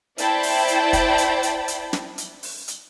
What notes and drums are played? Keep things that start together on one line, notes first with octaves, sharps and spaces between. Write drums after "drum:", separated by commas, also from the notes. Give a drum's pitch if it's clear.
E4 C5 D5 G5 A5 B5, drum: hi-hat
drum: open hi-hat
drum: hi-hat
drum: kick, hi-hat
drum: hi-hat
drum: hi-hat
drum: hi-hat
drum: snare
drum: hi-hat
drum: open hi-hat
drum: hi-hat